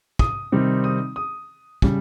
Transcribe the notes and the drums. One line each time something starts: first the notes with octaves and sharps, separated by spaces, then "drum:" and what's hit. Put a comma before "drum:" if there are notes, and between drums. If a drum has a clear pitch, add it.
D#6, drum: kick
C3 D#3 G3 C4 D#4
D#6
D#6
C#3 G3, drum: kick